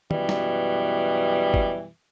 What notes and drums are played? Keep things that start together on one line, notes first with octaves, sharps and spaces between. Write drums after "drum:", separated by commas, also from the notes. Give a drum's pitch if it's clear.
F#2 B2 E3 G3, drum: tom
drum: snare
drum: kick